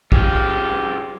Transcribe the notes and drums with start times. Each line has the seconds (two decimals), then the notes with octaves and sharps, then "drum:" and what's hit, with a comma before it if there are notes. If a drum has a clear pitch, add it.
0.12 F#2 F4 G4 G#4, drum: kick A#1